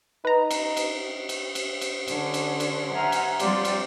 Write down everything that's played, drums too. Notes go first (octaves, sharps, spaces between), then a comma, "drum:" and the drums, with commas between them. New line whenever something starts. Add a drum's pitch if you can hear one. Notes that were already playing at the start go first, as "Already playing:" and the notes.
D#4 B4 A#5
drum: cymbal
drum: cymbal
drum: cymbal
drum: cymbal
drum: cymbal
D3 C#4 D4, drum: cymbal
drum: cymbal
drum: cymbal
E5 F#5 G#5 A#5 C6 F6
drum: cymbal
F3 G3 C4 F4 G4 D5, drum: cymbal
drum: cymbal